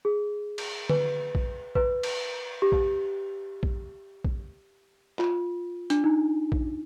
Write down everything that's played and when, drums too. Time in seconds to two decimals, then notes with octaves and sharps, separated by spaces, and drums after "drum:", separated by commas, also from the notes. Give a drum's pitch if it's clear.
0.05 G#4
0.58 drum: cymbal
0.89 B4, drum: tom D3
1.35 drum: kick A#1
1.75 B4, drum: kick A#1
2.03 drum: cymbal
2.62 G4
2.72 drum: kick A#1
3.63 drum: kick A#1
4.25 drum: kick A#1
5.19 F4, drum: clap
5.90 D4, drum: hi-hat
6.04 D#4
6.52 drum: kick A#1